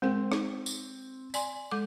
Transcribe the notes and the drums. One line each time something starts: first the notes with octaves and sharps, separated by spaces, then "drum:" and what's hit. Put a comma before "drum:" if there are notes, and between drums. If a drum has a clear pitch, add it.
G#3 C4 A#4 G5
D#4, drum: rim click
drum: tambourine
D5 G#5 C6, drum: tambourine
G#3 A4 D6